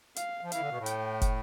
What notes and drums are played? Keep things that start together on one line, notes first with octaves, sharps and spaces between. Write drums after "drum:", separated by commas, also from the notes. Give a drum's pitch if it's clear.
F5, drum: hi-hat
F3
E3 F5, drum: hi-hat
D3
B2
A2
G5, drum: hi-hat
drum: kick, hi-hat